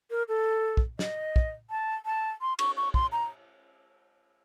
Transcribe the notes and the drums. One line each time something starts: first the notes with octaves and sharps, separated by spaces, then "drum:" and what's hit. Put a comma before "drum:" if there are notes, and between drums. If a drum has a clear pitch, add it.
A#4
A4
drum: kick
D#5, drum: snare
drum: kick
A5
A5
C6
C#6, drum: cymbal
C#6
C6, drum: kick
A#5